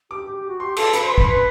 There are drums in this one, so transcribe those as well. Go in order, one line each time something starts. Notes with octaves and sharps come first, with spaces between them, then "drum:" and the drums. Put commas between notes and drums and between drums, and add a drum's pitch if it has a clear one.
G4 D6
G4
G4
F#4
G4 C6
A4 C6, drum: cymbal
B4 B5, drum: hi-hat
C5
B4 C6
B5, drum: kick
B4 C6